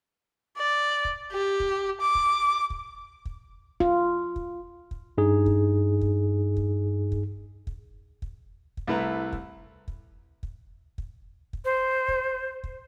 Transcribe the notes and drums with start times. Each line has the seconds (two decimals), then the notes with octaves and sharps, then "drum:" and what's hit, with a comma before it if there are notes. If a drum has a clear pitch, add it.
0.58 D5
1.05 drum: kick
1.32 G4
1.60 drum: kick
2.01 D6
2.15 drum: kick
2.70 drum: kick
3.25 drum: kick
3.80 F4, drum: kick
4.36 drum: kick
4.91 drum: kick
5.18 G2 D#4 G#4
5.46 drum: kick
6.01 drum: kick
6.57 drum: kick
7.12 drum: kick
7.67 drum: kick
8.22 drum: kick
8.77 drum: kick
8.87 C2 A3 E4 B4 E5 A#5
9.32 drum: kick
9.88 drum: kick
10.43 drum: kick
10.98 drum: kick
11.53 drum: kick
11.65 C5
12.08 drum: kick
12.64 drum: kick